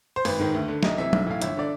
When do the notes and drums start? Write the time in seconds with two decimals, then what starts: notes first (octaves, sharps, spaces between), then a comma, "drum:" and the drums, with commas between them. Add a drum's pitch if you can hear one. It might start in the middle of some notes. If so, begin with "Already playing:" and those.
0.16 C5
0.25 G#1 B4, drum: open hi-hat
0.39 G#2 D#3
0.54 D2
0.68 D3
0.83 C2 D#5, drum: snare
0.97 C3 E3 E5
1.13 B1, drum: tom F#3
1.27 A2 E3 F5
1.42 G1 E5, drum: hi-hat
1.57 D3 D5